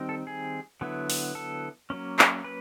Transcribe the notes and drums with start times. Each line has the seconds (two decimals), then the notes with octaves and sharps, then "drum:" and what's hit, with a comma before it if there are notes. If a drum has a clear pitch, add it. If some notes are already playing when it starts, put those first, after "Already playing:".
Already playing: D#3 G3 C4 D#4
0.09 A4
0.27 G#4
0.81 D3 F#3 B3 E4
1.10 drum: open hi-hat
1.35 A4
1.90 F#3 A#3 C#4
2.19 drum: clap
2.44 B4